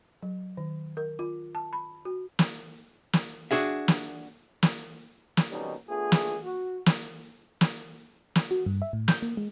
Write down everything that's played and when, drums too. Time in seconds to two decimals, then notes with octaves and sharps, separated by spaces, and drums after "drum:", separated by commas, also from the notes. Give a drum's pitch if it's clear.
0.23 F#3
0.57 D#3
0.97 A#4
1.19 F4
1.55 A5
1.73 B5
2.05 F#4
2.39 drum: snare
3.13 drum: snare
3.51 D4 F#4 G#4 E5
3.88 drum: snare
4.63 drum: snare
5.37 drum: snare
5.51 F2 B2 D#3 G3 C#4 D#4
5.88 A3 B3 D4 F4 G#4
6.12 drum: snare
6.43 F#4
6.86 drum: snare
7.61 drum: snare
8.35 drum: snare
8.51 F#4
8.66 G2
8.82 E5
8.93 A2
9.08 G6, drum: snare
9.22 A#3
9.37 G#3